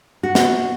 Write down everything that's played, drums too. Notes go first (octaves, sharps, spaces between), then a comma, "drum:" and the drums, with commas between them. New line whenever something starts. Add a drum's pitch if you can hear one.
F#4
drum: snare